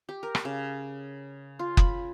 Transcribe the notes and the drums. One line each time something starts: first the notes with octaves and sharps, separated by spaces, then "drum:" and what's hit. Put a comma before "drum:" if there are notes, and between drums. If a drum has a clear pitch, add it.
G4
A#4
drum: rim click
C#3
F4
B5, drum: kick F#1